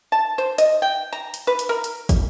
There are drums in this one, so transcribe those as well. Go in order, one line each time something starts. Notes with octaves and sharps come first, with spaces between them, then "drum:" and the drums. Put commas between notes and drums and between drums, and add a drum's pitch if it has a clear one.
A5
C5
D#5, drum: hi-hat
G5
A#5
drum: hi-hat
B4
drum: hi-hat
A#4
drum: hi-hat
drum: kick, hi-hat